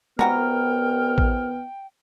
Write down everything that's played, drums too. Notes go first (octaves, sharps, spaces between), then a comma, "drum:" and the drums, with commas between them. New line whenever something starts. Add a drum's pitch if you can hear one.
C2 D#3 E3 B3 F#4 G5 A#5 F6, drum: tom
drum: kick A1